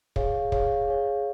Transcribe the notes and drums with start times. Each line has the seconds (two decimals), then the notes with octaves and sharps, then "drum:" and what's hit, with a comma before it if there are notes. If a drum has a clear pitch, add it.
0.16 G#4 C#5 F5, drum: kick
0.52 G#4 C#5 F5, drum: kick
0.88 G#4 C#5 F5